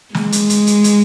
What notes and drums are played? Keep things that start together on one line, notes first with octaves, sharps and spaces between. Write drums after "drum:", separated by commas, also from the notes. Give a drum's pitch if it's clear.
G#3, drum: snare
drum: hi-hat
drum: hi-hat
drum: hi-hat
drum: hi-hat